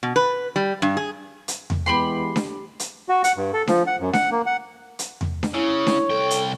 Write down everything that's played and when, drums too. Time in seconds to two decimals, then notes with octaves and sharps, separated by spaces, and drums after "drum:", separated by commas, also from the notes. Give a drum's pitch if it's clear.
0.03 B2
0.16 B4
0.56 G3
0.82 G2
0.97 G#4
1.48 drum: hi-hat
1.70 drum: tom E2
1.86 E3 G#3 B3 G4 B5 C6
2.36 drum: snare D4
2.80 drum: hi-hat
3.09 F#4
3.24 F#5, drum: hi-hat
3.37 G2
3.53 A4
3.67 F3, drum: snare D4
3.87 F#5
4.00 F#2
4.13 F#5, drum: snare D4
4.31 A#3
4.46 F#5
4.99 drum: hi-hat
5.21 drum: tom E2
5.43 drum: snare D4
5.54 C#3 E4 C#5
5.87 drum: snare D4
6.10 C2 A4 G5
6.30 drum: hi-hat